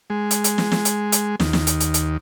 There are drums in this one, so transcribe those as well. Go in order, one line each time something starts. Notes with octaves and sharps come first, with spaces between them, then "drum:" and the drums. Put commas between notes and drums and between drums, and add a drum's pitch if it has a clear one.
G#3
drum: hi-hat
drum: hi-hat
drum: snare
drum: snare
drum: hi-hat
drum: hi-hat
D#2, drum: snare
drum: snare
drum: hi-hat
drum: hi-hat
drum: hi-hat